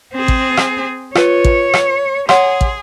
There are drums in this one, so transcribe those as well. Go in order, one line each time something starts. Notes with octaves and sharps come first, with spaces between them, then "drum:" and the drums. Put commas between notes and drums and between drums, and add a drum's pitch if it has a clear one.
C4 G#4
drum: kick
drum: rim click
F4 B4 C#5, drum: rim click
drum: kick
drum: rim click
G#4 C#5 F#5 C6, drum: rim click
drum: kick